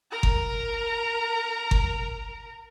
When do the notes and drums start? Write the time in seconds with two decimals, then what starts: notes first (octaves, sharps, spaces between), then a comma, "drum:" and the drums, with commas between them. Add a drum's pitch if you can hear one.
0.11 A#4 A#5
0.23 drum: kick G1
1.71 drum: kick G1